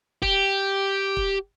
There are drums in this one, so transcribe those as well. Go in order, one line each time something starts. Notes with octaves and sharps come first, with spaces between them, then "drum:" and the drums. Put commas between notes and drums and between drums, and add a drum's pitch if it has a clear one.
G4, drum: kick
drum: kick